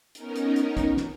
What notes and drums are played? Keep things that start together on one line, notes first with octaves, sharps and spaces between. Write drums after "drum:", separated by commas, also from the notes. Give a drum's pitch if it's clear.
B3 C#4 D#4 A#4, drum: hi-hat
drum: hi-hat
drum: hi-hat
drum: kick, hi-hat
drum: snare